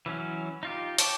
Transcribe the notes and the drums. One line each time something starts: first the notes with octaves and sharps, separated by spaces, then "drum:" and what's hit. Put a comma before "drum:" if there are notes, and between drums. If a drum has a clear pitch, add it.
E3 F#3 C#4
D#4 F4 G4
C#5 G5 A5 C#6 D6, drum: hi-hat